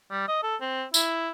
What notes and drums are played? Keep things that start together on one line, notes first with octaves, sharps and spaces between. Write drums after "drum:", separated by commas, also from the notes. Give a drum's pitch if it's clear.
G3
D#5
A4
C4
E4, drum: tambourine